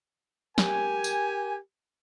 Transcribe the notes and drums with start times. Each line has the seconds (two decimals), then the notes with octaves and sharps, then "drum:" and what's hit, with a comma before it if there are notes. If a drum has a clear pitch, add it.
0.58 G4 A#4 G#5, drum: snare
1.04 drum: tambourine